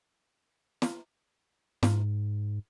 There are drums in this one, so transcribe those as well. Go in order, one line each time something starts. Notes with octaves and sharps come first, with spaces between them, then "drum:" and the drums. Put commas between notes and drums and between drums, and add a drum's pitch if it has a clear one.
drum: snare
G#2, drum: snare